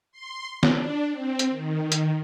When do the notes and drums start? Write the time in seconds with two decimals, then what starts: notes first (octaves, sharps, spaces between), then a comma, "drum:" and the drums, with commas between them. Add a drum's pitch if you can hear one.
0.12 C6
0.63 D4, drum: snare
1.10 C4
1.39 drum: hi-hat
1.50 D#3
1.81 D#3
1.92 drum: hi-hat